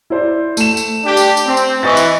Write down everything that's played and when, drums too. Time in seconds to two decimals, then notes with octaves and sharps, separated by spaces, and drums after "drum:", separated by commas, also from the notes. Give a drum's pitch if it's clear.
0.10 E4 C5 D5
0.57 A3 E7, drum: tambourine
0.77 drum: tambourine
1.05 D4 G4
1.17 drum: tambourine
1.37 drum: tambourine
1.47 C4
1.57 drum: tambourine
1.83 E3 D#5 C#6 A6
1.97 drum: tambourine